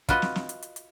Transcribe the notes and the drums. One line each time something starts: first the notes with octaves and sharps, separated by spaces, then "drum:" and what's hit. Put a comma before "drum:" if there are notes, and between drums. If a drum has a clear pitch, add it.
F4 F#4 B4 D#5, drum: kick, hi-hat
drum: snare
drum: snare
drum: hi-hat
drum: hi-hat
drum: hi-hat